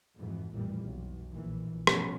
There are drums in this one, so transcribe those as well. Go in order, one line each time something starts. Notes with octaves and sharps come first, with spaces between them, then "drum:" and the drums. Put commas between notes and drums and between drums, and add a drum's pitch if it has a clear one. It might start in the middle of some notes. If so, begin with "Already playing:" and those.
F2 G#2 B2 E3
A1 F2 A#2 E3 G3
B1
A#1 A#2 E3
G2 B2 F3 A3 B3 C#4, drum: rim click